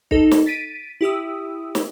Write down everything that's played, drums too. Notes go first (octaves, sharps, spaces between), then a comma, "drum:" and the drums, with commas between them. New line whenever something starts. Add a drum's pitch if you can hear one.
D#4 A4, drum: kick
drum: snare
A6 B6 D7 D#7
E4 G4 D#6 E6
drum: snare